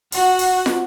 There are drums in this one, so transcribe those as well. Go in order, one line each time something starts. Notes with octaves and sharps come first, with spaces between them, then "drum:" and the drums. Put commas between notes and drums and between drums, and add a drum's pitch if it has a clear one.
F#4 F#5, drum: open hi-hat
drum: open hi-hat
drum: snare